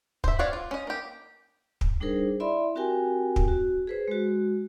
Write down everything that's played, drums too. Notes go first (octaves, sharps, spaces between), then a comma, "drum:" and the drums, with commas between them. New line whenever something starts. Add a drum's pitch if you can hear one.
C5 E5, drum: kick
C4 F#4 C#5 D5 F5
F4
C#4 D#5
A#3 G4
drum: kick
G3 D4 D#4 G#4 A#4 C5
E4 D5 E5 B5 C6
C4 F#4 G4 A#4 G5 G#5
drum: kick
F#4
G#4 B4 C5
G#3 F#4